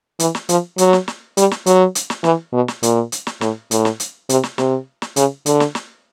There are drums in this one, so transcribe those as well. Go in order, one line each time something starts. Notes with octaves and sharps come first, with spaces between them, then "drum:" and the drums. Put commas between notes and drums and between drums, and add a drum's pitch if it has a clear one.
E3, drum: hi-hat
drum: snare
F3, drum: hi-hat
F#3, drum: hi-hat
drum: snare
drum: snare
G3, drum: hi-hat
drum: snare
F#3, drum: hi-hat
drum: hi-hat
drum: snare
E3, drum: snare
B2
drum: snare
A#2, drum: hi-hat
drum: hi-hat
drum: snare
A2, drum: snare
A2, drum: hi-hat
drum: snare
drum: hi-hat
C3, drum: hi-hat
drum: snare
C3, drum: snare
drum: snare
C#3, drum: hi-hat
D3, drum: hi-hat
drum: snare
drum: snare